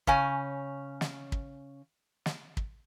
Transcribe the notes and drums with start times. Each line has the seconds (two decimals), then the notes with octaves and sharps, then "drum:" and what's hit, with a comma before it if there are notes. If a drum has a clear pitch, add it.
0.07 C#3 C#4 G#5, drum: kick
1.01 drum: snare
1.32 drum: kick
2.26 drum: snare
2.57 drum: kick